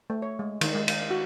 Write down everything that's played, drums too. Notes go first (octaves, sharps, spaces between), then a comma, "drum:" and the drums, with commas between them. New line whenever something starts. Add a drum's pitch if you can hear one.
A3
C#5
G#3
D#3, drum: cymbal
G#3
drum: cymbal
F#4